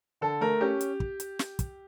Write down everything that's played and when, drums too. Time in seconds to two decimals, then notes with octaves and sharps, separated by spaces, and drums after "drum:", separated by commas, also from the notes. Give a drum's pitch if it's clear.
0.21 D3 A4
0.41 A3 A#4
0.61 C#4 G4
0.81 drum: hi-hat
1.00 drum: kick
1.20 drum: hi-hat
1.39 drum: snare
1.59 drum: kick, hi-hat